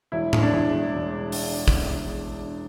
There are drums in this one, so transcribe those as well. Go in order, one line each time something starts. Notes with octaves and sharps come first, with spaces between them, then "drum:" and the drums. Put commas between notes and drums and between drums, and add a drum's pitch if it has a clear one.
E1 E4
D3, drum: tom A2
D4
E2 E4
E1
E1
drum: open hi-hat
drum: kick